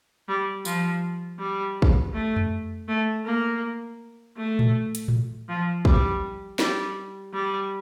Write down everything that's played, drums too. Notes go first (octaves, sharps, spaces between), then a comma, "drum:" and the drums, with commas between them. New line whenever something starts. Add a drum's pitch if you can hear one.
G3
F3, drum: tambourine
G3
drum: kick
A3
drum: tom F2
A3
A#3
A3
drum: tom A2
drum: hi-hat
drum: tom A2
F3
G3, drum: kick
G3, drum: snare
G3